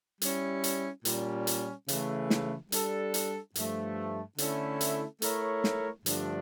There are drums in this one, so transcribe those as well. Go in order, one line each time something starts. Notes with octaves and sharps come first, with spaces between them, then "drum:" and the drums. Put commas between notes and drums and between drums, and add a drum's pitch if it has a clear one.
G3 C#4 E4, drum: hi-hat
drum: hi-hat
A#2 G3 C#4, drum: hi-hat
drum: hi-hat
C#3 E3 A3, drum: hi-hat
drum: snare
G3 D4 A4, drum: hi-hat
drum: hi-hat
G2 F3 A3, drum: hi-hat
D3 A3 C#4 E4 A4, drum: hi-hat
drum: hi-hat
A3 E4 A#4 C#5, drum: hi-hat
drum: snare
G2 D3 F3 A3 D4, drum: hi-hat